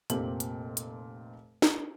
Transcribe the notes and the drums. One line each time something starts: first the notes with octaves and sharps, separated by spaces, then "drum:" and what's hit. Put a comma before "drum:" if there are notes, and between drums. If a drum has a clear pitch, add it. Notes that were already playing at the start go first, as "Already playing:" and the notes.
F1 A#2 C4 G4 F#7, drum: hi-hat
drum: hi-hat
drum: hi-hat
drum: snare